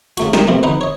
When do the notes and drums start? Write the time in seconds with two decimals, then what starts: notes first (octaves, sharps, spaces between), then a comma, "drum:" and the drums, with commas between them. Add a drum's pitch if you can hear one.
0.17 C#3 A3 F#4, drum: hi-hat
0.33 G4 A#4 D#5, drum: snare
0.47 F2 B2 F3 A3
0.63 D3 D#4 B4 D#5 F#5
0.81 C#5 D#5